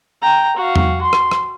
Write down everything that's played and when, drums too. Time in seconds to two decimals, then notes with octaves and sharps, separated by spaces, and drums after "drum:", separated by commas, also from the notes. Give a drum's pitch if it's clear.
0.22 G5 A#5
0.57 F#4 F5
0.76 drum: tom E2
1.02 C6
1.13 drum: rim click
1.31 drum: rim click